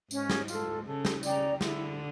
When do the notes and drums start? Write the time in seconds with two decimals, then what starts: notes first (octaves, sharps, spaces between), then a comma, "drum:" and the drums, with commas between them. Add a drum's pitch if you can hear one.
0.11 G#2 C#4, drum: tambourine
0.30 drum: snare
0.48 F4 A4, drum: tambourine
0.86 C#3 A4
1.05 drum: snare
1.23 C#3 D5 G5 A#5, drum: tambourine
1.61 D3 E4, drum: snare